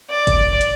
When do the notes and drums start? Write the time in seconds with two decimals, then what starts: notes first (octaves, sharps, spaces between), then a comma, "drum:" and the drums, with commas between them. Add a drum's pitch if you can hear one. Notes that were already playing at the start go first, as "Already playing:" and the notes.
0.10 D5
0.27 drum: kick, hi-hat
0.61 drum: hi-hat